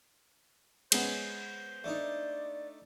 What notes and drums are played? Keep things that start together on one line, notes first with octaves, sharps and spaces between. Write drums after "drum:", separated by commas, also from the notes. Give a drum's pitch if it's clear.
G#3 B3 C#4 C5, drum: cymbal
A3 D4 D#4 D5